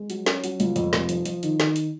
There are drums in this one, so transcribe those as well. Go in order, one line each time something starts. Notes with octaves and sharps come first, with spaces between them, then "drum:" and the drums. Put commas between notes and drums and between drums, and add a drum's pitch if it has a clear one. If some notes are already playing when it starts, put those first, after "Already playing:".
Already playing: G#3
F#3, drum: hi-hat
C#4, drum: snare
F#3, drum: hi-hat
C#2, drum: hi-hat
F2, drum: hi-hat
F1, drum: snare
F3, drum: hi-hat
F3, drum: hi-hat
D#3, drum: hi-hat
D#3, drum: snare
drum: hi-hat